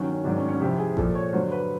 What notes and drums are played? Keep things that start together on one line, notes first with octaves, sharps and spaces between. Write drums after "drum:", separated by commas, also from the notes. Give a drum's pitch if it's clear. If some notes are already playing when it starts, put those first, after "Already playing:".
Already playing: G2 D#3 F#3 C#4
C#4
G#2 D#3 F#3 D4
C#4
C#4
F2 C3 E3 G4
G#4
A#2 F3 A4, drum: kick A1
C#5
G2 D3 F#3 C5
B4